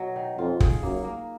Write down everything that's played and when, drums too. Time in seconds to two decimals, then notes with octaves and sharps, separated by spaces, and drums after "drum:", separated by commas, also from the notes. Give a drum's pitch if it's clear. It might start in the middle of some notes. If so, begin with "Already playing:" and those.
Already playing: B2 F#3
0.16 D#3
0.38 F2 F4
0.60 G#4, drum: kick
0.82 F#2 A#3
1.04 A#3